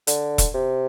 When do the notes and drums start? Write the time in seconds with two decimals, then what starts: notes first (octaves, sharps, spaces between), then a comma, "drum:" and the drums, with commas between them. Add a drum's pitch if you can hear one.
0.07 D3, drum: hi-hat
0.38 drum: kick E1, hi-hat
0.54 C3